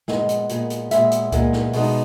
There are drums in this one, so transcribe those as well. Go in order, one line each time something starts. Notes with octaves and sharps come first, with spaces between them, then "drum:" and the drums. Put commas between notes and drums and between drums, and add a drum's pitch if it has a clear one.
A#2 G#3 B3 D#5, drum: snare
drum: hi-hat
A#2 G#3 B3, drum: hi-hat
drum: hi-hat
A#2 G#3 B3 E5, drum: hi-hat
drum: hi-hat
A#2 G#3 B3, drum: kick C#2, hi-hat
drum: snare
B2 G#3 B3 D#4, drum: open hi-hat